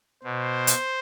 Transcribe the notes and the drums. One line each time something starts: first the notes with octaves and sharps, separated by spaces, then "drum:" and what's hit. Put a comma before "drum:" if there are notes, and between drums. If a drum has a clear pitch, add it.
B2 C5
drum: hi-hat